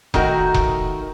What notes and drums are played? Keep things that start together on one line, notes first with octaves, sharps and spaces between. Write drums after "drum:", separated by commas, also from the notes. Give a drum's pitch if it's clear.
D#3 A3 D#4 F#4 A#4, drum: kick E1
drum: kick E1